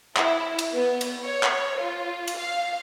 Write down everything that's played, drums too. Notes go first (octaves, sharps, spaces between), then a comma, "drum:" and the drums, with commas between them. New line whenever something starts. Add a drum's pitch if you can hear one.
E4, drum: clap
drum: cymbal
B3
drum: cymbal
C#5
drum: clap
F4
drum: cymbal
F5